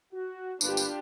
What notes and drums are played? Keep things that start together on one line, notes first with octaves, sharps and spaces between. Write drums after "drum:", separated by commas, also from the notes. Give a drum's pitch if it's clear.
F#4
G1 A#3 D4 F4 G4 B4, drum: tambourine
drum: tambourine